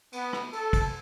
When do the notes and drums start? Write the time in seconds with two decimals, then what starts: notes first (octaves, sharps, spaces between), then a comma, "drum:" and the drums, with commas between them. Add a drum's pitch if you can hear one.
0.12 B3, drum: cymbal
0.33 drum: rim click
0.53 A4, drum: cymbal
0.73 drum: kick, cymbal